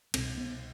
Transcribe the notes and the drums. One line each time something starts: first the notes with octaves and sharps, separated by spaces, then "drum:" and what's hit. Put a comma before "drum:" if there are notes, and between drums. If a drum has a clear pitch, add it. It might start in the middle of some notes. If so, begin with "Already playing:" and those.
C2 B2 C4, drum: cymbal
B3